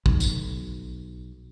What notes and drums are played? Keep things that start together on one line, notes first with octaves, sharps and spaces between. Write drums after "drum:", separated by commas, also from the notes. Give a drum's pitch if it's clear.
B1, drum: kick
drum: tambourine